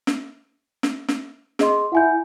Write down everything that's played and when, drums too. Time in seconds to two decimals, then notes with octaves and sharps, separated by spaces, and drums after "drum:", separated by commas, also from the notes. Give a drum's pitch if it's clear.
0.07 drum: snare
0.83 drum: snare
1.08 drum: snare
1.59 G#4 D#5 C6, drum: snare
1.93 E4 F#5 G#5 G6